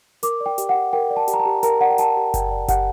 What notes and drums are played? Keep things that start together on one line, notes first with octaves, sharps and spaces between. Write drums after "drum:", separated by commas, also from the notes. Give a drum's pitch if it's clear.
A#4 D6, drum: hi-hat
D5
G5
G4, drum: hi-hat
F#5
G4
A#4 G5
D5
A5
G4, drum: hi-hat
A#5
A5
G4
A#4 A#5, drum: hi-hat
D5 F#5
G5
G4 A5, drum: hi-hat
G4
A#4 G5, drum: kick F#1, hi-hat
D5
G4 F#5, drum: kick F#1, hi-hat